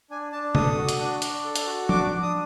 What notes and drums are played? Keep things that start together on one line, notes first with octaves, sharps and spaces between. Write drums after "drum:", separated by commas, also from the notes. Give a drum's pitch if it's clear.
D4 G#5
D4 A5
A4 D#6, drum: tom C3
F#4
drum: hi-hat
D4
D4, drum: hi-hat
A4
drum: hi-hat
F#4
D4 D6, drum: tom F3
D4
D#6